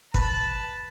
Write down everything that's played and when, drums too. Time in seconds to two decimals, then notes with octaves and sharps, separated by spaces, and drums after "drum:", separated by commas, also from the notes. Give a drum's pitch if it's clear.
0.14 B4 A5 B5, drum: kick